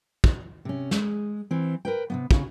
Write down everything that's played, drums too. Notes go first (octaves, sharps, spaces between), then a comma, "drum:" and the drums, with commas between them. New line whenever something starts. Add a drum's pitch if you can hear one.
drum: kick
C3 C#4
G#3, drum: snare
E3 C4
A#4 B4 G5
C3 E3 B3
C#3 C#4, drum: kick